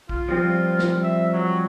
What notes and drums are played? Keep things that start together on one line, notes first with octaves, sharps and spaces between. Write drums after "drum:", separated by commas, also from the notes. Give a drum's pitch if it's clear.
F4, drum: kick B1
F3 G3 C4
drum: snare
E5
F#3